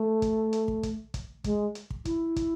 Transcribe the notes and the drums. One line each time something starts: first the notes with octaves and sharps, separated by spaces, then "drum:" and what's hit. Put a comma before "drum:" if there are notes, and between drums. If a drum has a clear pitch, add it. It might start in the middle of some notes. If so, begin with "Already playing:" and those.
Already playing: A3
drum: kick, hi-hat
drum: hi-hat
drum: kick
drum: kick, hi-hat
drum: kick, hi-hat
G#3, drum: kick, hi-hat
drum: hi-hat
drum: kick
E4, drum: kick, hi-hat
drum: kick, hi-hat